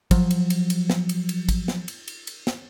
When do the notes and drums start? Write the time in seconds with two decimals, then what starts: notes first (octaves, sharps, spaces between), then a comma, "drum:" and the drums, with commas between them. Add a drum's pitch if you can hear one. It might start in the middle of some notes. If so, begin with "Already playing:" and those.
0.11 F3 F#3, drum: kick, cymbal
0.31 drum: cymbal
0.50 drum: cymbal
0.70 drum: cymbal
0.90 drum: snare
1.09 drum: cymbal
1.29 drum: cymbal
1.49 drum: kick, cymbal
1.68 drum: snare
1.88 drum: cymbal
2.08 drum: cymbal
2.27 drum: cymbal
2.47 drum: snare